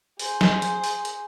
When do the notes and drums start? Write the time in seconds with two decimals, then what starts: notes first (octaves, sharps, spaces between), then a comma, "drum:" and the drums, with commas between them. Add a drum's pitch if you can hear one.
0.19 G#4 C5, drum: open hi-hat
0.41 drum: snare
0.62 drum: hi-hat
0.84 drum: open hi-hat
1.05 drum: hi-hat